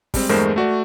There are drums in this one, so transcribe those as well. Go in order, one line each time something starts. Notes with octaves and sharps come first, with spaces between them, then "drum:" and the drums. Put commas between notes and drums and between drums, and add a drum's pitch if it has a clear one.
G3 G#3 C4, drum: kick, open hi-hat
E2 G2 G#3 A3 A#4 C5
A3 F#4 D5